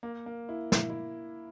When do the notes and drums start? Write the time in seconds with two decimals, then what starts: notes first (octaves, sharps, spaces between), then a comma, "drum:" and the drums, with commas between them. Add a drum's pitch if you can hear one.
0.03 A#3
0.26 A#3
0.49 E4
0.72 E4, drum: snare
0.90 E4